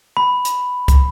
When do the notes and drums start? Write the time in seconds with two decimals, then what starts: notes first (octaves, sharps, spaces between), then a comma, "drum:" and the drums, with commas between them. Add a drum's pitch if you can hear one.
0.17 B5
0.45 drum: hi-hat
0.88 drum: kick, hi-hat